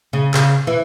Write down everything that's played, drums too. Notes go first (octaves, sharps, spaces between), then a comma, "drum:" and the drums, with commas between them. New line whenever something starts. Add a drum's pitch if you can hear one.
C#3
C#3, drum: clap
E3